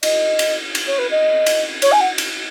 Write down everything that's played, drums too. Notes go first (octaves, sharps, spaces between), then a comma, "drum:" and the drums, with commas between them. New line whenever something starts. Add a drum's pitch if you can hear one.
D#5, drum: cymbal
drum: cymbal
drum: cymbal
C#5
B4
D#5
drum: cymbal
C#5, drum: cymbal
G#5
F#5
drum: cymbal